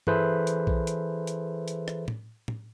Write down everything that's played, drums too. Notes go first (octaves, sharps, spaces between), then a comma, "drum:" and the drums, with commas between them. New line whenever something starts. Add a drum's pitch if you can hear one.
E3 G#4 A4 B4 C5 E5, drum: tom G2
drum: hi-hat
drum: kick B1
drum: hi-hat
drum: hi-hat
drum: hi-hat
drum: rim click
drum: tom A2
drum: tom A2